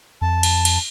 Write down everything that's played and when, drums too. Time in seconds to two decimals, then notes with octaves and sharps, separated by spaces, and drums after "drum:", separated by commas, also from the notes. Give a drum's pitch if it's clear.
0.21 F2 A5
0.43 drum: cymbal
0.65 drum: cymbal